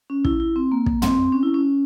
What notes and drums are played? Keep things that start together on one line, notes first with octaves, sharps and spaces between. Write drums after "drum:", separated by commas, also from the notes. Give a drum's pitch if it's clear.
C#4
E4, drum: kick
E4
C4
A#3
drum: kick
C4, drum: tom
C#4
E4
C#4